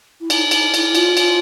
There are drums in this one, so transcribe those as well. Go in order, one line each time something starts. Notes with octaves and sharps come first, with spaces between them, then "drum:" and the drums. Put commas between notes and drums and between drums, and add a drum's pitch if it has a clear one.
E4
D#4, drum: cymbal
D#4, drum: cymbal
E4, drum: cymbal
F4, drum: cymbal
F4, drum: cymbal